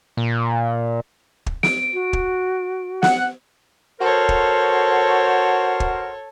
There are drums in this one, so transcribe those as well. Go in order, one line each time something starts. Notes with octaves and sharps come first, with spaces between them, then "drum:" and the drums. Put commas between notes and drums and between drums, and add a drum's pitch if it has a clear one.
A#2
drum: kick
D7, drum: snare
F#4
drum: kick
F#5, drum: snare
F#4 A4 A#4 C5 C#5
drum: kick
drum: kick